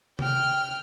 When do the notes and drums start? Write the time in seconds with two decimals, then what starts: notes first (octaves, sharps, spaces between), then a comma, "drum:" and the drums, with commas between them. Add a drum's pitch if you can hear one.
0.19 G5 F6, drum: tom C3